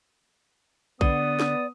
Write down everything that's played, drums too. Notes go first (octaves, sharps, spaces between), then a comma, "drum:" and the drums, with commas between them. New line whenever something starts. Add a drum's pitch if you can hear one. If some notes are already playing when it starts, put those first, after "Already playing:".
D3 B3 D5 D#6, drum: kick A#1
drum: snare